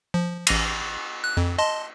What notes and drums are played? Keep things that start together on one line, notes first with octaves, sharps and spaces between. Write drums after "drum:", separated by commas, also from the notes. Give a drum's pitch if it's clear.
F3
A1 A#6, drum: cymbal
F#6
F2
D#5 A5 C6